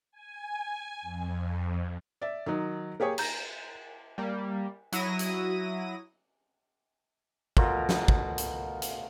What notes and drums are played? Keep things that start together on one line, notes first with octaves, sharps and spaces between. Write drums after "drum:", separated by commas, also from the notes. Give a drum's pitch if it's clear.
G#5
F2
D5 E5
D#3 F#3 D#4
A#3 G4 G#4 C#5
A#5 G6 A#6, drum: cymbal
G3 A#3
F#3 E4 D#6 A#6 D#7, drum: hi-hat
drum: hi-hat
B2 A3 F4 A#4, drum: kick
drum: snare
drum: kick
drum: hi-hat
drum: hi-hat